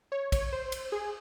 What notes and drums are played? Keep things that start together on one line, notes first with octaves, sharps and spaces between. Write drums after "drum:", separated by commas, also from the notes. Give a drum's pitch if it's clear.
C#5
C#5, drum: kick, cymbal
C5
drum: cymbal
G#4